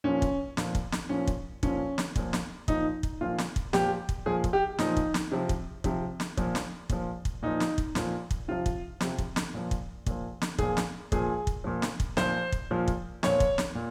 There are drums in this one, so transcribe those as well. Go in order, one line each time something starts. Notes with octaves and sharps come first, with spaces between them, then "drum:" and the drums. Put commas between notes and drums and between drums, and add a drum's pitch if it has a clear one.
A#2 F3 C#4
drum: kick
A#2 F3, drum: snare
drum: kick
drum: snare
A#2 F3 C#4
drum: kick
A#2 F3 C#4, drum: kick
drum: snare
A#2 F3, drum: kick
drum: snare
A#2 F3 D#4, drum: kick
drum: kick
A#2 F3 F4
drum: snare
drum: kick
A#2 F3 G4, drum: snare
drum: kick
A#2 F3 G#4
drum: kick
G4
A#2 F3 D#4, drum: snare
drum: kick
drum: snare
C3 F3
drum: kick
C3 F3, drum: kick
drum: snare
A#2 F3, drum: kick
drum: snare
A#2 F3, drum: kick
drum: kick
A#2 F3 D#4
drum: snare
drum: kick
A#2 F3, drum: snare
drum: kick
C3 F3 F4
drum: kick
C3 F3, drum: snare
drum: kick
drum: snare
A#2 F3
drum: kick
A#2 F3, drum: kick
drum: snare
A#2 F3 G#4, drum: kick
drum: snare
A#2 F3 G#4, drum: kick
drum: kick
A#2 F3
drum: snare
drum: kick
A#2 F3 C5, drum: snare
drum: kick
A#2 F3
drum: kick
A#2 F3 C#5, drum: snare
drum: kick
drum: snare
A#2